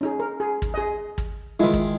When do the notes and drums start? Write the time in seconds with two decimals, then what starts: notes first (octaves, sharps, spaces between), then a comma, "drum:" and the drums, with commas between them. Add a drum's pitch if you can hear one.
0.01 C#4 D#4 G#4
0.20 A#4
0.40 G#4
0.62 drum: kick
0.74 G#4 D#5
1.18 drum: kick
1.60 D#3 G#3 E4 F4
1.74 drum: kick